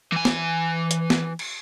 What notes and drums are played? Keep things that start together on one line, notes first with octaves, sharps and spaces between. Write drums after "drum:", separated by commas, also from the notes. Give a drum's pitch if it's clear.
E3 G#5
drum: snare
drum: hi-hat
drum: snare
drum: cymbal